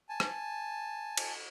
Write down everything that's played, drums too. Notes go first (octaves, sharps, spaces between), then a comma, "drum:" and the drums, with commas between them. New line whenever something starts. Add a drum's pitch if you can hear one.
G#5 A5
drum: rim click
drum: cymbal